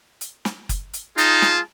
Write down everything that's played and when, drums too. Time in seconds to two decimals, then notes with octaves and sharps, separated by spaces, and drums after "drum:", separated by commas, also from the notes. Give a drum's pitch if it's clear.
0.21 drum: hi-hat
0.45 drum: snare
0.69 drum: kick F#1, hi-hat
0.93 drum: hi-hat
1.18 D#4 F4 G#4 A5, drum: hi-hat
1.42 drum: snare